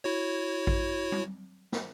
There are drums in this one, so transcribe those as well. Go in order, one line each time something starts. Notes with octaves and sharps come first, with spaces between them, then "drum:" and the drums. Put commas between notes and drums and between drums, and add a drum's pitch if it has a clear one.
E4 F#4 C#5
drum: kick A1
drum: tom G3
drum: snare